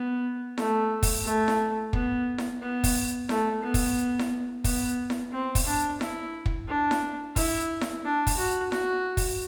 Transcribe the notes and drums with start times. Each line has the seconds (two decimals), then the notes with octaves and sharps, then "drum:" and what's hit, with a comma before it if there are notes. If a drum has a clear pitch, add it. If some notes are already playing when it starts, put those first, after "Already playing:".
Already playing: B3
0.58 A3, drum: snare E4
1.03 drum: kick, open hi-hat
1.25 A3
1.48 drum: snare E4
1.93 B3, drum: kick
2.38 drum: snare E4
2.62 B3
2.84 drum: kick, open hi-hat
3.29 A3, drum: snare E4
3.63 B3
3.74 drum: kick, open hi-hat
4.19 drum: snare E4
4.64 B3, drum: kick, open hi-hat
5.10 drum: snare E4
5.32 C4
5.55 drum: kick, open hi-hat
5.66 D4
6.01 E4, drum: snare E4
6.46 drum: kick
6.68 D4
6.91 drum: snare E4
7.36 E4, drum: kick, open hi-hat
7.81 drum: snare E4
8.05 D4
8.27 drum: kick, open hi-hat
8.37 F#4
8.72 F#4, drum: snare E4
9.17 drum: kick, open hi-hat